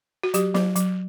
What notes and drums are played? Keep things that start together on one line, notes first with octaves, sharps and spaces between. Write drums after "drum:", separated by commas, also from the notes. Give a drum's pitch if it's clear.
F#4
F#3 G4, drum: hi-hat
F#3, drum: snare
F#3, drum: hi-hat